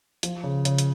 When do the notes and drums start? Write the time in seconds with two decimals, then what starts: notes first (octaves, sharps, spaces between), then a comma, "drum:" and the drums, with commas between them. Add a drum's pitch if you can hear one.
0.23 F3, drum: hi-hat
0.44 C#3
0.65 C#3, drum: hi-hat
0.78 drum: hi-hat